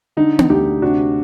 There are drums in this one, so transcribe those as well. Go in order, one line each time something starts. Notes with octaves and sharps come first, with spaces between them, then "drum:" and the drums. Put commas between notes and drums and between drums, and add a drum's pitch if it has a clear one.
D3 D#4
drum: tom B3
D2 D#4 G4
C3 D4 F#4